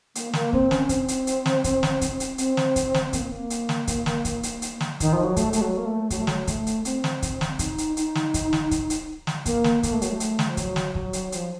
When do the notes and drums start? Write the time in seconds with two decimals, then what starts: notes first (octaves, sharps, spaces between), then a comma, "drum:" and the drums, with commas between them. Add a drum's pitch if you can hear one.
0.15 A#3, drum: hi-hat
0.33 A#3, drum: snare
0.53 C4, drum: kick
0.71 C#4, drum: snare
0.89 C4, drum: kick, hi-hat
1.08 drum: hi-hat
1.27 drum: hi-hat
1.46 drum: snare
1.64 drum: kick, hi-hat
1.83 drum: snare
2.01 drum: kick, hi-hat
2.20 drum: hi-hat
2.38 C4, drum: hi-hat
2.57 drum: snare
2.76 drum: kick, hi-hat
2.94 drum: snare
3.13 A#3, drum: kick, hi-hat
3.22 C4
3.31 A#3
3.50 drum: hi-hat
3.69 drum: snare
3.87 drum: kick, hi-hat
4.06 drum: snare
4.25 drum: kick, hi-hat
4.43 drum: hi-hat
4.62 drum: hi-hat
4.80 drum: snare
5.00 D#3, drum: kick, hi-hat
5.13 F3
5.24 F#3
5.36 A3, drum: kick, hi-hat
5.53 A3, drum: hi-hat
5.61 F#3
5.78 A#3
5.85 A3
6.10 F#3, drum: kick, hi-hat
6.18 A3
6.27 F#3, drum: snare
6.47 A3, drum: kick, hi-hat
6.67 drum: hi-hat
6.85 C4, drum: hi-hat
7.04 drum: snare
7.22 drum: kick, hi-hat
7.41 drum: snare
7.59 D#4, drum: kick, hi-hat
7.78 drum: hi-hat
7.97 D#4, drum: hi-hat
8.15 drum: snare
8.34 drum: kick, hi-hat
8.53 drum: snare
8.71 drum: kick, hi-hat
8.90 drum: hi-hat
9.27 drum: snare
9.46 A#3, drum: kick, hi-hat
9.64 drum: snare
9.83 A#3, drum: kick, hi-hat
9.92 A3
10.02 F#3, drum: hi-hat
10.10 A3
10.20 drum: hi-hat
10.39 drum: snare
10.48 F3
10.57 F#3, drum: kick, hi-hat
10.76 drum: snare
10.95 F#3, drum: kick
11.13 drum: hi-hat
11.32 F3, drum: hi-hat